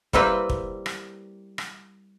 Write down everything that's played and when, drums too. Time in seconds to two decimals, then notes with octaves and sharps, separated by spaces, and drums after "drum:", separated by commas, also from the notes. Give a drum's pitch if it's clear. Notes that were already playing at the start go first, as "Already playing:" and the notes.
0.13 G3 A#3 C4 E4 B4, drum: kick
0.50 drum: kick
0.86 drum: rim click
1.58 drum: rim click